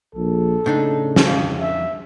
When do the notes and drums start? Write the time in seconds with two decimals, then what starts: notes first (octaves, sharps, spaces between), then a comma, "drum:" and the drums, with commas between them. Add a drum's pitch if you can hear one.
0.15 A#1 A4
0.66 A2 C#3 D4 D#4
1.16 drum: snare
1.27 F2
1.61 E5